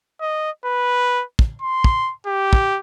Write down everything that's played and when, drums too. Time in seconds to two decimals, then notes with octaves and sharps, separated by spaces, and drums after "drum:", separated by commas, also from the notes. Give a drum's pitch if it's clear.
0.21 D#5
0.65 B4
1.39 drum: kick
1.62 C6
1.84 drum: kick
2.26 G4
2.53 drum: kick